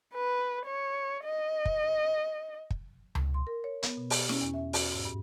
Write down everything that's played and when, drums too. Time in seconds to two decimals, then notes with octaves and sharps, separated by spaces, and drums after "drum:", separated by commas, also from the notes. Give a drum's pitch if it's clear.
0.14 B4
0.66 C#5
1.24 D#5
1.65 drum: kick
2.70 drum: kick
3.15 drum: tom C#2
3.34 C6
3.47 A#4
3.64 C#5
3.83 B3, drum: hi-hat
3.97 B2
4.10 G4, drum: open hi-hat
4.29 C#4, drum: snare
4.41 E2
4.54 E5
4.73 F#4, drum: open hi-hat
4.92 G#2
5.05 G2